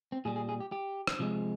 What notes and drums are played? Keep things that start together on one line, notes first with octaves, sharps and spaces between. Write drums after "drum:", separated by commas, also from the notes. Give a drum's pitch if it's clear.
C4
A#2 G3 G#4
G#4
G#4
G4
G4
drum: rim click
C3 F3 G#3